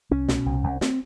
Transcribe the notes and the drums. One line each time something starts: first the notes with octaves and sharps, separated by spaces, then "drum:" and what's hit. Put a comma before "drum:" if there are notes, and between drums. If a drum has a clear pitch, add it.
C2 C#4
B2, drum: snare
C2
C2
C4, drum: snare